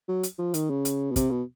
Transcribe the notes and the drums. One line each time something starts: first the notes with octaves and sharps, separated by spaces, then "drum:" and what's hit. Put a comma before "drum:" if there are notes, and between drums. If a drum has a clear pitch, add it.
F#3
drum: hi-hat
F3
D#3, drum: hi-hat
C#3
drum: hi-hat
B2
C3, drum: kick, hi-hat
B2